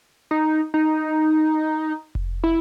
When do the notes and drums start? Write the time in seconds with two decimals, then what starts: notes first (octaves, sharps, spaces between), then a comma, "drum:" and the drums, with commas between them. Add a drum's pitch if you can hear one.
0.31 D#4
0.74 D#4
2.15 drum: kick F1
2.44 E4